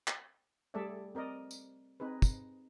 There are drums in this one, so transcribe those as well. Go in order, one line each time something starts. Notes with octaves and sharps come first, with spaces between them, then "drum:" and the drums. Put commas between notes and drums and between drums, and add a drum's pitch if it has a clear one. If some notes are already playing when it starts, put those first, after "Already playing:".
drum: clap
G3 A3 G#4 A4 D5 E5
C4 A#4 D5 D#5
drum: tambourine
C4 D#4 G#4 B4
drum: kick, tambourine